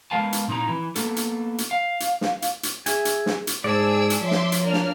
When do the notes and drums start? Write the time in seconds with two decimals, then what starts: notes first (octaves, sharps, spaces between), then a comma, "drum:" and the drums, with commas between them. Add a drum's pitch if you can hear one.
0.11 G#3 B3 A#4 F5 A5
0.33 drum: hi-hat
0.48 A#2 C4 D#4 E4 A#5
0.68 E3 E4
0.95 A#3 B3 A4, drum: hi-hat
1.16 drum: hi-hat
1.58 drum: hi-hat
1.71 F5
2.00 drum: hi-hat
2.21 drum: snare
2.42 drum: hi-hat
2.63 drum: hi-hat
2.86 G#4 E5 G#5, drum: hi-hat
3.05 drum: hi-hat
3.26 drum: snare
3.47 drum: hi-hat
3.64 G#2 G#4 C5 D5 A5 E6 D7
4.10 drum: hi-hat
4.21 F3 C#5 E5 C6 D6
4.31 drum: snare
4.52 drum: hi-hat
4.63 A#3 D4 F6
4.73 drum: snare